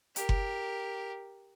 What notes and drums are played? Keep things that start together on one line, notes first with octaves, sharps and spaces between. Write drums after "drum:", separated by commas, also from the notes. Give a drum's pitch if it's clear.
G4 A#4, drum: hi-hat
drum: kick F#1